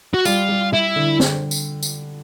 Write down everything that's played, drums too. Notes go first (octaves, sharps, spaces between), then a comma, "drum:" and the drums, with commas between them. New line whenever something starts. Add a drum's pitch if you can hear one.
F#4
G3 F4, drum: tambourine
G3
G3 E4
D3
drum: snare
drum: tambourine
drum: tambourine